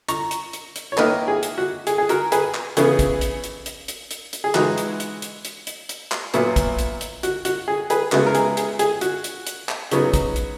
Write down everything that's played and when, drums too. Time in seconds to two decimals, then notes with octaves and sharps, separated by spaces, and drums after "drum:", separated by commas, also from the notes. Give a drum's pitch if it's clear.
0.09 A#5 C#6, drum: hi-hat
0.31 drum: hi-hat
0.53 drum: hi-hat
0.76 drum: hi-hat
0.92 C#5
0.97 D#3 A#3 E4 B4 D#5, drum: clap
1.28 G#4
1.43 drum: hi-hat
1.58 F#4
1.87 G#4, drum: hi-hat
1.98 G#4
2.09 F#4 A#4, drum: hi-hat
2.32 G#4 B4, drum: hi-hat
2.54 drum: clap
2.77 C#3 E3 B3 G#4, drum: hi-hat
2.99 drum: kick, hi-hat
3.21 drum: hi-hat
3.44 drum: hi-hat
3.66 drum: hi-hat
3.88 drum: hi-hat
4.11 drum: hi-hat
4.33 drum: hi-hat
4.44 G#4
4.55 E3 G#3 D#4 F#4, drum: clap
4.78 drum: hi-hat
5.00 drum: hi-hat
5.22 drum: hi-hat
5.45 drum: hi-hat
5.67 drum: hi-hat
5.89 drum: hi-hat
6.12 drum: clap
6.34 A#2 F#3 B3 E4, drum: hi-hat
6.56 drum: kick, hi-hat
6.79 drum: hi-hat
7.01 drum: hi-hat
7.23 F#4, drum: hi-hat
7.45 F#4, drum: hi-hat
7.68 G#4
7.90 G#4 B4, drum: hi-hat
8.12 C#3 G#3 B3 E4 F#4, drum: clap
8.26 A#4
8.35 G#4, drum: hi-hat
8.57 G#4, drum: hi-hat
8.79 G#4, drum: hi-hat
9.01 F#4, drum: hi-hat
9.24 drum: hi-hat
9.47 drum: hi-hat
9.69 drum: clap
9.91 C#3 F#3 B3 D#4, drum: hi-hat
10.14 drum: kick, hi-hat
10.36 drum: hi-hat